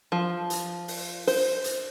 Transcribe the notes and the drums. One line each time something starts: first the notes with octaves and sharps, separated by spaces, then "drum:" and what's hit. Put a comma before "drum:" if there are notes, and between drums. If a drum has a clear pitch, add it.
F3
drum: hi-hat
drum: open hi-hat
C5, drum: open hi-hat
drum: hi-hat